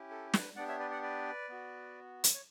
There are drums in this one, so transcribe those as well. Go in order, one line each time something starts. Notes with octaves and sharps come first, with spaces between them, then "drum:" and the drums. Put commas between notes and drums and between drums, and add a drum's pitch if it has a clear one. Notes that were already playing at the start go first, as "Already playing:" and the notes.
Already playing: C#4 E4 G4
A4
B4, drum: snare
B3 D4 G4 D5 F#5
C#5 E5
B4 D5
D5 F#5
B4 D5
B3 F#4
drum: hi-hat
C#5